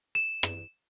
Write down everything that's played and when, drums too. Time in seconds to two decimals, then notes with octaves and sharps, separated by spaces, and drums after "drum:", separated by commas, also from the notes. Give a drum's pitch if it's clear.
0.15 E7
0.43 drum: rim click